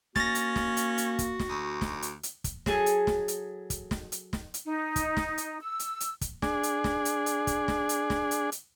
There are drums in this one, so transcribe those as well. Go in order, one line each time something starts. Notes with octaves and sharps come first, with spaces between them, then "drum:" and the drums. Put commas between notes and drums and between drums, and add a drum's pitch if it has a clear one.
A#3 C#4 F#4 A6 A#6, drum: snare
drum: hi-hat
drum: snare
drum: hi-hat
drum: hi-hat
drum: kick, hi-hat
drum: snare
D2
drum: snare
drum: hi-hat
drum: hi-hat
drum: kick, hi-hat
F#3 G#4 A4 G#5, drum: snare
drum: hi-hat
drum: snare
drum: hi-hat
drum: kick, hi-hat
drum: snare
drum: hi-hat
drum: snare
drum: hi-hat
D#4
drum: kick, hi-hat
drum: snare
drum: hi-hat
E6
drum: hi-hat
drum: hi-hat
drum: kick, hi-hat
D4 G#4, drum: snare
drum: hi-hat
drum: snare
drum: hi-hat
drum: hi-hat
drum: kick, hi-hat
drum: snare
drum: hi-hat
drum: snare
drum: hi-hat
drum: hi-hat